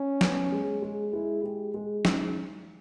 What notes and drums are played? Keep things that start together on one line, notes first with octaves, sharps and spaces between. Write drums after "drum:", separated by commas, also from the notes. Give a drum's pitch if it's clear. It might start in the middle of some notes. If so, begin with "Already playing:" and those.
Already playing: C#4
B3, drum: snare
G#3
G#3
G#3 E4
G#3 G4
G#3
G#3 D#4, drum: snare